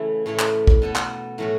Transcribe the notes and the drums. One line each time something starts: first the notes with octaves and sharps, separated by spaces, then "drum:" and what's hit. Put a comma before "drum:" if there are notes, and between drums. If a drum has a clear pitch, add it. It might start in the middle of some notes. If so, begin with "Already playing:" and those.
Already playing: C#3 E3 A3 E4
A2 A3 E4 C#5
drum: clap
drum: kick
B2 B3 A4
drum: clap
A2 F#3 A3 C#4 F#4